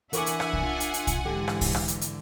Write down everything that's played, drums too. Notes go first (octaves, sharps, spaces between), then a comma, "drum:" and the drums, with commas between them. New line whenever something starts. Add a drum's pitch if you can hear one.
E3 D4 A#4 E5 F#5 G#5 C#6 D6, drum: hi-hat
drum: hi-hat
drum: rim click
drum: kick
F4
drum: hi-hat
drum: hi-hat
drum: kick, hi-hat
G#2 D3 E3 G4
drum: rim click
drum: kick, open hi-hat
drum: rim click
drum: hi-hat
drum: hi-hat